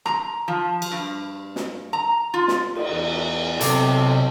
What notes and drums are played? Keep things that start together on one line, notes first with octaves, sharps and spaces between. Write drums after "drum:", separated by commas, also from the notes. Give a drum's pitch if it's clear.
A#5, drum: rim click
F3
drum: cymbal
G2
drum: snare
A#5
F4
drum: snare
drum: cymbal
E2
B1 C3 A4 A5 D6, drum: hi-hat